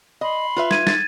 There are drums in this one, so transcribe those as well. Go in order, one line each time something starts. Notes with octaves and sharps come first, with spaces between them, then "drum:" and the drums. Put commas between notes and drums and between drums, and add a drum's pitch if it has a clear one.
D#5 B5 C6
F4 B4 E5
G#6 D#7, drum: snare
A6, drum: snare